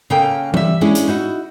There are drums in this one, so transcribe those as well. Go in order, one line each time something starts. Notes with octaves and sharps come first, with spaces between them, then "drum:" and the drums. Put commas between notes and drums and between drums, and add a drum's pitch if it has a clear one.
C#3 A#3 A4 G5
G3 E5, drum: tom E3
G#3 C#4 D4 E4 G#4
drum: hi-hat
D#4 E4 F#4